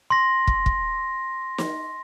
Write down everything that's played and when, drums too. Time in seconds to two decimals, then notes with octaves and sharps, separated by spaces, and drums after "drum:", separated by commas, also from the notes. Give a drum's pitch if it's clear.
0.10 C6 A#6
0.47 drum: kick
0.66 drum: kick
1.58 drum: snare